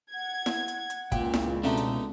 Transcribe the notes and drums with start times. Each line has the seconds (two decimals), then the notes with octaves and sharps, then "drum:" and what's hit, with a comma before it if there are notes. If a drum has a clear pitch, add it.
0.13 F#5 G#6
0.46 drum: snare E4
0.68 drum: hi-hat
0.90 drum: hi-hat
1.12 C#2 A#2 G5, drum: kick, hi-hat
1.34 drum: snare E4
1.64 B2 D3 A3 C4 C#4 D#4
1.77 drum: hi-hat